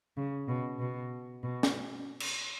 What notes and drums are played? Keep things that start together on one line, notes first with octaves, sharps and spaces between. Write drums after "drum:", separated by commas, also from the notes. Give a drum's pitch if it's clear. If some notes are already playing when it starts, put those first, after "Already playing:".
C#3
B2
B2
B2
drum: snare
drum: cymbal